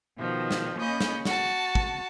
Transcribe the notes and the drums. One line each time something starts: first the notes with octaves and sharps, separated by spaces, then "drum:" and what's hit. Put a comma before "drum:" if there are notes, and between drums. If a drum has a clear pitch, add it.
B2 D#3 F3
drum: snare
A#3 C#4 D#5 B5 G6
drum: snare
F#4 A5, drum: snare
drum: kick